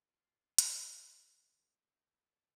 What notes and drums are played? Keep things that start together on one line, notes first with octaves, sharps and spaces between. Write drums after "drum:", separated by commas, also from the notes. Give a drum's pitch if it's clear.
F4
drum: hi-hat
F4
C#4
C4
C4
D#4
E4
A4